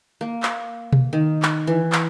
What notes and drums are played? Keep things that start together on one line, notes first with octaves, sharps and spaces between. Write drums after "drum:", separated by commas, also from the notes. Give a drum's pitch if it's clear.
A#3
drum: clap
drum: tom B2
D#3
drum: clap
E3
drum: clap